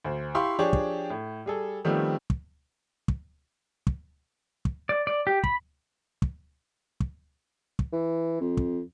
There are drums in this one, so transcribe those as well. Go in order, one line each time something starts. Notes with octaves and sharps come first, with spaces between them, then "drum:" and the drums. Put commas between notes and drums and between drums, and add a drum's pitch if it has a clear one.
D2 C5
E4 G4 F5 C6 C#6
F3 D4 G4 G#4 C#5
drum: kick
A2
G3 G#4 A4
D#3 F3 G3 A3 B3 C4
drum: kick
drum: kick
drum: kick
drum: kick
D5
D5
G4
B5, drum: kick
drum: kick
drum: kick
drum: kick
E3
F2
drum: kick